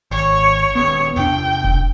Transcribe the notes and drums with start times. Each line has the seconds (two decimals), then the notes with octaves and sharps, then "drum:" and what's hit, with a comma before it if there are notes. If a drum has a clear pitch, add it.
0.11 G#1 C#5
0.75 D#1 B3 C#5
1.17 E2 C3 D4 G5
1.64 drum: kick E1